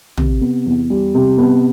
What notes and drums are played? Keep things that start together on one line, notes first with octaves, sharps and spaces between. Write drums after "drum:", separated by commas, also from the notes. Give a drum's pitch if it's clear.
C3, drum: tom
B3
E2
G3
C3
B3